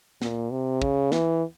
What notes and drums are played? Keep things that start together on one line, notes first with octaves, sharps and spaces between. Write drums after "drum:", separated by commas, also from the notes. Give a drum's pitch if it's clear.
A#2, drum: snare
C3
C#3, drum: kick
E3, drum: snare